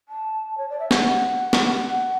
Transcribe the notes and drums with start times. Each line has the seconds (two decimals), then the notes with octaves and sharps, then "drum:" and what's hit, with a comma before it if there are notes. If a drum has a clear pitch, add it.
0.09 A5
0.58 C#5
0.70 D5
0.79 E5
0.91 F#5, drum: snare
1.53 drum: snare
1.74 F#5